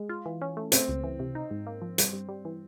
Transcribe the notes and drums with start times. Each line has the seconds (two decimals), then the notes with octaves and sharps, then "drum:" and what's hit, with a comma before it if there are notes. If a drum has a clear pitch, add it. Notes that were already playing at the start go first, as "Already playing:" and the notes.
Already playing: G#3
0.09 F4
0.26 E3
0.42 C#4
0.57 A3
0.72 A3 C4, drum: hi-hat
0.88 C#2
1.04 E3
1.19 C3
1.35 D#4
1.51 G#2
1.67 A#3
1.82 F3
1.98 G2, drum: hi-hat
2.13 G2
2.29 G3
2.45 E3